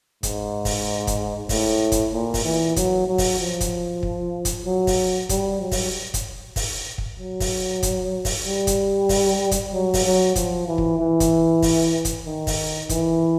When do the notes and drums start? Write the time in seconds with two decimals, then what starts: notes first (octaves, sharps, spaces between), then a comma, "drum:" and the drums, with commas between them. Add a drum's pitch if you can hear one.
0.23 G#2, drum: kick, hi-hat
0.65 drum: kick, open hi-hat
1.07 drum: kick, hi-hat
1.49 A2, drum: kick, open hi-hat
1.92 drum: kick, hi-hat
2.13 A#2
2.34 drum: kick, open hi-hat
2.44 E3
2.76 F#3, drum: kick, hi-hat
3.07 F#3
3.18 drum: kick, open hi-hat
3.39 F3
3.60 drum: kick, hi-hat
4.03 drum: kick
4.45 drum: kick, hi-hat
4.65 F#3
4.87 drum: kick, open hi-hat
5.29 G3, drum: kick, hi-hat
5.61 F#3
5.72 drum: kick, open hi-hat
6.14 drum: kick, hi-hat
6.56 drum: kick, open hi-hat
6.98 drum: kick
7.20 F#3
7.40 drum: kick, open hi-hat
7.83 drum: kick, hi-hat
8.25 drum: kick, open hi-hat
8.45 G3
8.67 drum: kick, hi-hat
9.09 drum: kick, open hi-hat
9.51 drum: kick, hi-hat
9.73 F#3
9.94 drum: kick, open hi-hat
10.04 F#3
10.36 F3, drum: kick, hi-hat
10.68 E3
10.78 drum: kick
10.99 E3
11.20 drum: kick, hi-hat
11.62 drum: kick, open hi-hat
12.05 drum: kick, hi-hat
12.26 D#3
12.47 drum: kick, open hi-hat
12.89 E3, drum: kick, hi-hat